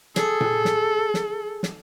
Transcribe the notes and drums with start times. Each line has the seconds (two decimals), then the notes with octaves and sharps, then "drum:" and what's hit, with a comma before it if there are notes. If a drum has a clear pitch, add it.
0.16 G#4 A4, drum: snare
0.41 drum: tom A#2
0.65 drum: snare
1.14 drum: snare
1.63 drum: snare